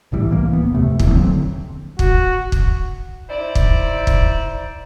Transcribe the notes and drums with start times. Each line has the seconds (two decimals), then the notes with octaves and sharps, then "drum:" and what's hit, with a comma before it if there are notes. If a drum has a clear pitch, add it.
0.12 A#1 A2 E3 G3
0.30 C2 E3 A#3
0.53 D1 B3
0.75 F2 C3 A3
0.99 E1 F2 A#2 E3, drum: kick
1.12 D3 F#3 C4
1.99 F#4, drum: kick
2.52 drum: kick
3.30 D#4 E4 C5 D5
3.55 drum: kick
4.07 drum: kick